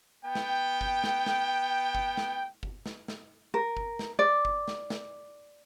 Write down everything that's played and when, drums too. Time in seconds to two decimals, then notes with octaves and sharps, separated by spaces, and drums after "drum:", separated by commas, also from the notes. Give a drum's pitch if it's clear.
0.25 B3 G5
0.35 drum: snare
0.81 drum: kick G1
1.04 drum: snare
1.26 drum: snare
1.95 drum: kick G1
2.17 drum: snare
2.63 drum: kick G1
2.86 drum: snare
3.08 drum: snare
3.54 A#4
3.77 drum: kick G1
3.99 drum: snare
4.19 D5
4.45 drum: kick G1
4.68 drum: snare
4.90 drum: snare